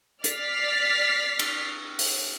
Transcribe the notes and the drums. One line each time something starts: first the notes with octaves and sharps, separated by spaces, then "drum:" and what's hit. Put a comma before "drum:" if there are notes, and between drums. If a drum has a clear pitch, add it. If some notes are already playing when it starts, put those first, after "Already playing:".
D5 F6 A6 B6 C7, drum: hi-hat
drum: cymbal
drum: open hi-hat